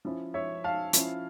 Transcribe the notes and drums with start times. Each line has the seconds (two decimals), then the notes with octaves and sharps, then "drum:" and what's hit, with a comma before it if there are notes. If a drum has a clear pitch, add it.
0.05 F3 C#4 E4
0.34 C#5 E5
0.64 F5 A5
0.93 F3 C#4 E4, drum: hi-hat